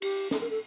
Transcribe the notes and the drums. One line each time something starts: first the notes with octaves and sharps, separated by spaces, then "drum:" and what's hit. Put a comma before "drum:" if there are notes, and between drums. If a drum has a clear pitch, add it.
G4, drum: cymbal
A4, drum: snare
A#4
A4